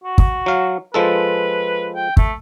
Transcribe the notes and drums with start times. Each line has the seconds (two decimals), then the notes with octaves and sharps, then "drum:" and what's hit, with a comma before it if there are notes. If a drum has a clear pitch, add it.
0.04 F#4
0.18 drum: kick
0.46 F#3 F5
0.94 F3 G#3 A4 B4
1.96 G5
2.17 A3, drum: kick